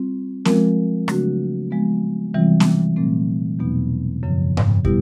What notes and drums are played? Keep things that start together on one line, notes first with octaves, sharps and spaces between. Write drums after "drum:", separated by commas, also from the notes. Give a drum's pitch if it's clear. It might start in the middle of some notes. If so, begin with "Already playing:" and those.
Already playing: G3 C4 F4
F3 G#3 C4 F4 A#4, drum: snare B3
C#3 F#3 A3 D4 F#4, drum: rim click
F3 G#3 B3
C3 E3 G3 C4 F4
drum: snare B3
A#2 F#3 A3 C4
E2 B2 F#3 B3 D#4
F#2 C#3 F3
drum: tom G#2
B2 G3 B3 E4 G4, drum: kick